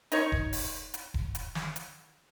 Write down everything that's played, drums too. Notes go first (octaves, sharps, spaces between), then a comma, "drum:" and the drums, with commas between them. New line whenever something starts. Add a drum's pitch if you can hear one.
D#4 C#5 C#6, drum: hi-hat
drum: kick E1
drum: open hi-hat
drum: hi-hat
drum: kick E1
drum: hi-hat
drum: snare
drum: hi-hat